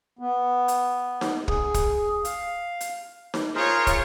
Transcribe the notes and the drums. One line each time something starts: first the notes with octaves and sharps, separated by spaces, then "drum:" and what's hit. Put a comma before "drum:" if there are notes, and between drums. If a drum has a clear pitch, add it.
B3
drum: hi-hat
drum: snare D#4
G#4, drum: kick
drum: kick, hi-hat
F5, drum: hi-hat
drum: hi-hat
drum: snare D#4
F4 G#4 A#4 C5 C#5
drum: kick, hi-hat